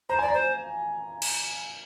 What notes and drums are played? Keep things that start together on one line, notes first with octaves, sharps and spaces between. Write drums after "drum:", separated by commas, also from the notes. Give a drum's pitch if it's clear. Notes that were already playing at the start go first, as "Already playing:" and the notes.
C5 A#5
D5 G#5
A#5
C5
drum: cymbal